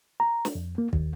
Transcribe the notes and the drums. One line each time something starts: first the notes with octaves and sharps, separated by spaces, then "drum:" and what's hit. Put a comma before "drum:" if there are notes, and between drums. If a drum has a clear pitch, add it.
A#5
drum: snare
F2
A#3
D#2, drum: kick